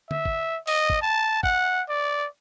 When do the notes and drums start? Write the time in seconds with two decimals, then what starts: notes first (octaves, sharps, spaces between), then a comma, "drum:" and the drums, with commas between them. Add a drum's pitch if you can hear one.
0.11 E5, drum: tom D3
0.25 drum: kick
0.67 D#5, drum: open hi-hat
0.90 drum: kick
1.02 A5
1.43 F#5, drum: kick
1.90 D5